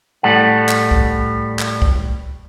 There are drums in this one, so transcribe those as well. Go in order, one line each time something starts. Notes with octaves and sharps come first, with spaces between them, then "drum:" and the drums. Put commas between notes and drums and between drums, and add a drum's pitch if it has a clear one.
A2 G3 A4 F#5
drum: clap
drum: kick
drum: clap
drum: kick